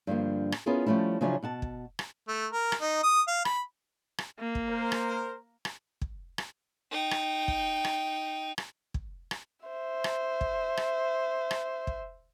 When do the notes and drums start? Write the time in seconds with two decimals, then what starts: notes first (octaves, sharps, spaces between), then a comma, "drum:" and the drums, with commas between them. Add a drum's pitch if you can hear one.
0.07 G2 D3 F3 A#3
0.52 drum: rim click
0.66 B3 C#4 E4 F4 G#4 A#4
0.86 F3 G3 A3 C#4 E4
1.21 C#3 F3 F#3 C#4 D4 E4
1.43 B2 F#5 A5
1.62 drum: kick
1.99 drum: rim click
2.28 A3
2.52 A#4
2.72 drum: rim click
2.81 D#4
3.03 D#6
3.28 F5
3.45 B5, drum: rim click
4.18 drum: rim click
4.39 A#3
4.55 drum: kick
4.70 A#4 C5
4.92 drum: rim click
5.65 drum: rim click
6.01 drum: kick
6.38 drum: rim click
6.91 D#4 G5
7.11 drum: rim click
7.48 drum: kick
7.85 drum: rim click
8.58 drum: rim click
8.94 drum: kick
9.31 drum: rim click
9.66 C5 E5
10.04 drum: rim click
10.41 drum: kick
10.77 drum: rim click
11.51 drum: rim click
11.87 drum: kick